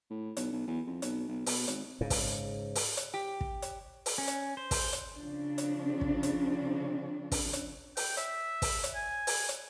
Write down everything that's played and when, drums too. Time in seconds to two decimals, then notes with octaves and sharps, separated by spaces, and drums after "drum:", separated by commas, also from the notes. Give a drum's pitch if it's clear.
0.10 A2
0.37 B1, drum: hi-hat
0.52 B1
0.67 E2
0.87 F2
1.02 B1, drum: hi-hat
1.28 B1
1.46 B2, drum: open hi-hat
1.68 G#1, drum: hi-hat
2.01 G#2 C#3
2.10 drum: kick, open hi-hat
2.75 drum: open hi-hat
2.97 drum: hi-hat
3.14 G4
3.41 drum: kick
3.62 drum: hi-hat
4.06 drum: open hi-hat
4.18 C#4
4.27 drum: hi-hat
4.57 C5
4.71 drum: kick, open hi-hat
4.93 drum: hi-hat
5.17 C#3 F3 C4 D4
5.58 drum: hi-hat
6.01 drum: kick
6.23 drum: hi-hat
7.32 drum: kick, open hi-hat
7.53 drum: hi-hat
7.97 G5, drum: open hi-hat
8.17 E5, drum: hi-hat
8.62 drum: kick, open hi-hat
8.84 drum: hi-hat
8.95 G#5
9.27 drum: open hi-hat
9.49 drum: hi-hat